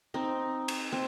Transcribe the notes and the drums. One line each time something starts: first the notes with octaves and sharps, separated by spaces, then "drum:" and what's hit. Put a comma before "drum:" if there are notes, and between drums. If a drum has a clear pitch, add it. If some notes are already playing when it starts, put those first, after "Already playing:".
C4 D#4
drum: cymbal
C4